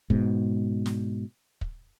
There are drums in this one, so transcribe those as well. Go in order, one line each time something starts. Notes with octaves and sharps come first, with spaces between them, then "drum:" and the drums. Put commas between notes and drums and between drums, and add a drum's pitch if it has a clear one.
G#2 B2, drum: kick
drum: snare
drum: kick